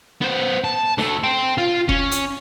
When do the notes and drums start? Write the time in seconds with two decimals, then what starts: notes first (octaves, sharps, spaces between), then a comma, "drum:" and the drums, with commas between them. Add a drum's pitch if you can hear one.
0.22 B3 C5
0.64 A5
0.98 D3 A3, drum: snare
1.23 C5 G5
1.58 F4
1.89 C#4, drum: kick F1
2.11 drum: hi-hat